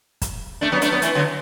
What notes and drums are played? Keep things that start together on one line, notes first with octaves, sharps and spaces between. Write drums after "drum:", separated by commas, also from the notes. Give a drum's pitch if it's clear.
drum: kick, hi-hat
A3 D4
F#3 B3
A3 D4, drum: hi-hat
F#3 B3
E3 A3, drum: hi-hat
D3 F#3